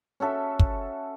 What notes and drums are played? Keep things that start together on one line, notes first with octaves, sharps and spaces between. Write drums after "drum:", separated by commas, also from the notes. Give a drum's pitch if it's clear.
C#4 F#4 A4 E5
drum: kick